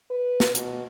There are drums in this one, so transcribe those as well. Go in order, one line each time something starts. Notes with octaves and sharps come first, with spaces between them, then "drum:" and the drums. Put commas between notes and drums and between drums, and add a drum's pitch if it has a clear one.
B4
drum: snare
B2, drum: hi-hat